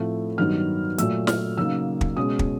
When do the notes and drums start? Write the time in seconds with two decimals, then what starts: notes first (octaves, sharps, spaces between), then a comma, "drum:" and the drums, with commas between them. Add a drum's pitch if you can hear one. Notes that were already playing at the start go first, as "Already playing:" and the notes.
Already playing: A2 F3 A3 C4
0.38 G2 D#3 F#3 B3 D#4 F6
0.98 A#2 F#3 A3 E6, drum: hi-hat
1.27 F6, drum: snare
1.57 C#3 F#3 A#3 D#4 E6
2.01 drum: kick
2.17 B2 G#3 C#4 D#6
2.39 drum: kick